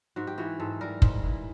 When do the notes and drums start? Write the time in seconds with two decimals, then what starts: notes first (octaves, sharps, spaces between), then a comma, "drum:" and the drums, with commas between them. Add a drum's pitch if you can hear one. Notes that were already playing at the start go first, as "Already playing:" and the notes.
0.16 G#2 F#4
0.27 G4
0.38 E3 F#4
0.60 G#2 A4
0.81 G3 A#4
1.02 G#2, drum: kick
1.24 E3